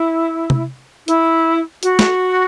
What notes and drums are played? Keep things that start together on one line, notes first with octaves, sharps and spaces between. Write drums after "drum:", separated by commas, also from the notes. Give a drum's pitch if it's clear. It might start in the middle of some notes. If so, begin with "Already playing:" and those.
Already playing: E4
drum: tom C3
E4, drum: hi-hat
F#4, drum: hi-hat
drum: snare